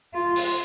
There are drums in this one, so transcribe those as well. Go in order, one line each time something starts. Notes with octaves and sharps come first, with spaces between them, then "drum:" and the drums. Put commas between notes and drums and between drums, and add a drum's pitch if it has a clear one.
F4
drum: open hi-hat